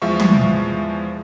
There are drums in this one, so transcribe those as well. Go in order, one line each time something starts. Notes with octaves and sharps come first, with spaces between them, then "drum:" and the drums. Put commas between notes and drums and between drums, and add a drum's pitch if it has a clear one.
E2 F3 G#3 E5 F5 C#6
drum: tom